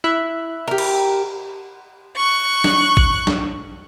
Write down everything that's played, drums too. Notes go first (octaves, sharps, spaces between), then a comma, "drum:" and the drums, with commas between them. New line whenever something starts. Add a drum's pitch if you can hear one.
E4 E5 F#6
G4 A#4
drum: cymbal
C#6 F#6
drum: snare
drum: kick G#1
drum: snare